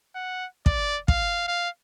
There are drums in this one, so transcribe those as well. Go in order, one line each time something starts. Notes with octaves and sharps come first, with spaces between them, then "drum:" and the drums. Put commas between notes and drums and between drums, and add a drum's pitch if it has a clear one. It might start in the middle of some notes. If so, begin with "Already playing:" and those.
F#5
D5, drum: kick
F5, drum: kick
F5